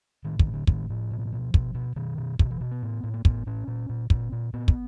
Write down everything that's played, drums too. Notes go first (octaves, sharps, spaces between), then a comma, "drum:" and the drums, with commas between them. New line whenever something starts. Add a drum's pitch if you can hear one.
A2 D#3
D#3, drum: kick
A2
D3
A2 D#3, drum: kick
A2 F3
B2
B2
B2, drum: kick
B2
B2 D#3
B2
B2 D3, drum: kick
E3
B2
B3
A2
A2
A#3
A2 B3, drum: kick
A2 C#4
A#2
A#2
A#2 C4, drum: kick
A#2
A#2 B3
drum: kick